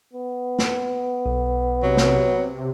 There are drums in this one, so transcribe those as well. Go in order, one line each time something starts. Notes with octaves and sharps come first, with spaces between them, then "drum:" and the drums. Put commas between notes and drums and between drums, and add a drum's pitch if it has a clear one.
B3
drum: snare
B1
C3 F#3
drum: snare